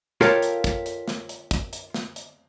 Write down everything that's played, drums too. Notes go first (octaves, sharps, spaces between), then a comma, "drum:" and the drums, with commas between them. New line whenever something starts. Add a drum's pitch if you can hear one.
F4 G4 A4 A#4 C#5 F5, drum: snare
drum: hi-hat
drum: kick, hi-hat
drum: hi-hat
drum: snare
drum: hi-hat
drum: kick, hi-hat
drum: hi-hat
drum: snare
drum: hi-hat